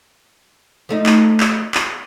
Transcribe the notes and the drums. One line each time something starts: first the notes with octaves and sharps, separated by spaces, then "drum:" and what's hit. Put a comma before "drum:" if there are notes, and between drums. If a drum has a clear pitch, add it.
F3 A3 D#4
drum: clap
drum: clap
drum: clap